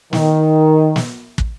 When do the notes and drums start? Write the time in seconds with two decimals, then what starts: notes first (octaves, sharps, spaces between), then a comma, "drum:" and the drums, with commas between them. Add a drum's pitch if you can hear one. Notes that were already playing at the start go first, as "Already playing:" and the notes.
0.13 D#3, drum: snare
0.96 drum: snare
1.38 drum: kick